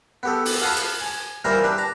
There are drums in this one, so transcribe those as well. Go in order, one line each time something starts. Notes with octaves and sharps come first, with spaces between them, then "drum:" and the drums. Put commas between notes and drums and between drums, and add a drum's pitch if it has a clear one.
B3 G4 A4
drum: open hi-hat
F5 F#5 A5 B5
drum: hi-hat
G#5
E3 G3 A#3 F4 C5 A#5
D4 G4 B4
A5 A#5